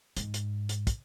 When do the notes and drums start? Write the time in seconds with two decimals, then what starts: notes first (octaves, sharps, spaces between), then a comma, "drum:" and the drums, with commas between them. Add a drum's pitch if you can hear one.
0.17 G#2, drum: hi-hat
0.34 drum: hi-hat
0.69 drum: hi-hat
0.87 drum: kick, hi-hat